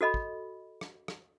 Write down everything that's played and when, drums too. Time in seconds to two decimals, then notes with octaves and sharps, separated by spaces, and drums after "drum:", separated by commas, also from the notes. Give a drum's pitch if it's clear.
0.01 F#4 A4 D#5 B5
0.14 drum: kick
0.81 drum: rim click
1.08 drum: rim click